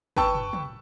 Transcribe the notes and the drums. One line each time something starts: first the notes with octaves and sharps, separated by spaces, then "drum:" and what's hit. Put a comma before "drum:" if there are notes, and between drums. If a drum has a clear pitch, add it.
B4 G5 A5 C#6 E6, drum: kick
drum: tom
drum: tom